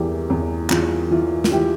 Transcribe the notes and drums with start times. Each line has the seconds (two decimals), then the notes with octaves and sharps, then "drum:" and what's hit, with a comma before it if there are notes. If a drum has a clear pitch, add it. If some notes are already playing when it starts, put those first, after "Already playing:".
Already playing: E2 E3 A#3 G4
0.30 E2
0.70 E2 F4, drum: clap
1.11 E3 F4
1.44 F4, drum: snare
1.51 E3 G4